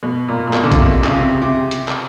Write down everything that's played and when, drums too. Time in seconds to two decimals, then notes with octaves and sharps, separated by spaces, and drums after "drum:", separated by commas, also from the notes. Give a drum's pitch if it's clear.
0.03 B2
0.28 A#2
0.47 A#2
0.53 B2, drum: clap
0.64 D3
0.72 C#3, drum: kick A#1, hi-hat
0.78 C3
0.93 C3
1.04 C#3, drum: clap
1.16 C3
1.42 C3
1.71 drum: hi-hat
1.88 drum: clap